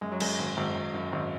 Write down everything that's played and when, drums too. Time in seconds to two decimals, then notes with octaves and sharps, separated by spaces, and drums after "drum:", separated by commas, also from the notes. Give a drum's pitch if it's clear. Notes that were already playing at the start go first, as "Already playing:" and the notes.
0.01 F#2 G#3
0.12 F#3
0.20 F#2 G#3, drum: cymbal
0.39 G#1
0.57 G#1
0.75 G#1
0.94 F#2
1.12 G#1